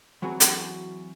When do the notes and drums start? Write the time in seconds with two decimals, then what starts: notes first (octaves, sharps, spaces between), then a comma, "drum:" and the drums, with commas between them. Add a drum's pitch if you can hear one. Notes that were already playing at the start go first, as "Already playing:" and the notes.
0.22 E3 F#3 C4 F#4 G#4 B4
0.40 drum: hi-hat